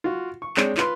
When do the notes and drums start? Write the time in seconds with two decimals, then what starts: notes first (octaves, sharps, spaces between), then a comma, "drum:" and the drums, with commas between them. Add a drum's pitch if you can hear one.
0.04 F4 F#4
0.42 C#6
0.57 G#3 C4 D4 C5 C#5, drum: clap
0.77 F4 B4 C6, drum: clap